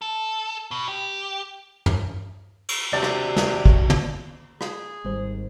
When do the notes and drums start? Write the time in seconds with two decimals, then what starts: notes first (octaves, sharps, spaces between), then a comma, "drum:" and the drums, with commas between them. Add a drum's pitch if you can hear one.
0.02 A4
0.71 B2
0.88 G4
1.86 drum: tom
2.68 drum: cymbal
2.93 D#2 C3 D4 F#4 D5
3.03 drum: rim click
3.36 drum: snare
3.66 drum: kick
3.90 drum: tom
4.61 G#4, drum: rim click
5.05 G#1 G#2 D#3 G3 C5